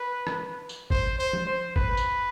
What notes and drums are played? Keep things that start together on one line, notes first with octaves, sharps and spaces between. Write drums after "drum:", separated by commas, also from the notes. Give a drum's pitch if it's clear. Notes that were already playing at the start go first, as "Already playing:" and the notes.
Already playing: B4
drum: rim click
drum: tambourine
C5, drum: kick
C5
drum: tom F3
C5
B4, drum: kick
drum: tambourine